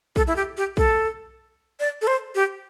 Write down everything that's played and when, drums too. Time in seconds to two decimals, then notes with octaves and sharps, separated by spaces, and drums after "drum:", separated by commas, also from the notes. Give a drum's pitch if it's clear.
0.16 A4, drum: kick B1
0.27 E4
0.36 G4
0.57 G4
0.77 A4, drum: kick B1
1.80 D5
2.01 A4
2.07 C5
2.35 G4